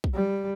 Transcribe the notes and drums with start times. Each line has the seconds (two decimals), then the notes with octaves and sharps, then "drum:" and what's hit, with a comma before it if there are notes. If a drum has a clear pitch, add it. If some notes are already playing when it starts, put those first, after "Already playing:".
0.04 drum: kick
0.14 G3